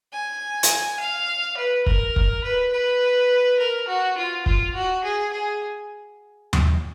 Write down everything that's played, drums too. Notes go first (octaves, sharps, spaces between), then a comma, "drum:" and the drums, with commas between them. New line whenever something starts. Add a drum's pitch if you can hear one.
G#5
drum: hi-hat
F5
B4
A#4, drum: kick
drum: kick
B4
B4
A#4
F#4
F4
F4, drum: kick
F#4
G#4
G#4
drum: tom D#2